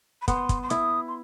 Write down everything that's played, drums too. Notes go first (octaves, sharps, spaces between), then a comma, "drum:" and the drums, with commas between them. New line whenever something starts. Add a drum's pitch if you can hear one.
B5
B3 C6, drum: kick, hi-hat
drum: kick, hi-hat
C6
E4 D#6, drum: hi-hat
C6